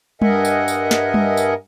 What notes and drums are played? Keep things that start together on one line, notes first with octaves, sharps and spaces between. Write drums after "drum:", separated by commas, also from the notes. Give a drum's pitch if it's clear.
G2 A#4 D#5 E5 F#5 G#5, drum: tom G3
drum: tambourine
drum: tambourine
drum: snare
drum: tom G3
drum: tambourine